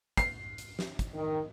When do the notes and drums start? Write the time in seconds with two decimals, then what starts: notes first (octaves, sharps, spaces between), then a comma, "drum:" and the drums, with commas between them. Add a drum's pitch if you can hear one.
0.17 C7, drum: kick, hi-hat
0.58 drum: hi-hat
0.79 drum: snare
0.99 drum: kick, hi-hat
1.14 D#3